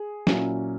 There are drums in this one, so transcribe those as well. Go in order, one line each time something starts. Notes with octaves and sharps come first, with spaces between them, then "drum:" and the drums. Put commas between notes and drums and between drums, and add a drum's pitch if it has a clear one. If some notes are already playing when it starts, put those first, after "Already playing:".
Already playing: G#4
A#2 F#3 C#4 E4, drum: snare